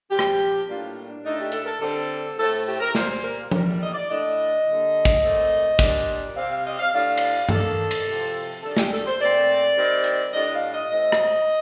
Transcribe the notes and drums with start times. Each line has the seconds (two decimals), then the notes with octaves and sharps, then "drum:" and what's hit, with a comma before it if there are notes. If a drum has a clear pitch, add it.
0.10 A#2 F3 C4 G4
0.19 drum: rim click
0.67 A2 G3 A#3 D4 F4
1.05 D4
1.24 A2 A3 D4 D#4
1.39 G4
1.52 A4, drum: hi-hat
1.63 A#4
1.66 A4
1.80 D3 G3 C4 A4
2.37 A2 A3 C4 A4
2.66 G4
2.80 A#4
2.95 A#2 G3 A#3 C5, drum: snare
3.09 C5
3.22 A#4
3.51 A2 G3 A#3 A#4, drum: tom F3
3.66 D5
3.80 D#5
3.93 D5
4.09 A2 A3 D4 D#5
4.65 D3 G3 A#3
5.05 drum: kick
5.22 A#2 A3 C4
5.79 A#2 G3 D4, drum: kick
6.35 C3 G3 C4 F5
6.50 F5
6.63 D#5
6.79 F5
6.92 A2 G3 D4 F5
7.17 drum: cymbal
7.49 D#3 A#3 D4 A4, drum: tom G2
7.91 drum: cymbal
8.05 C3 F3 C4
8.63 D#3 G3 D4 A4
8.77 G4, drum: snare
8.91 A4
9.06 C5
9.20 A#2 A3 C4 D5
9.77 D#3 G3 C4
10.04 drum: hi-hat
10.33 A2 G3 D4 D#5
10.53 F5
10.71 D#5
10.90 A2 A3 C4 D#5
11.12 drum: rim click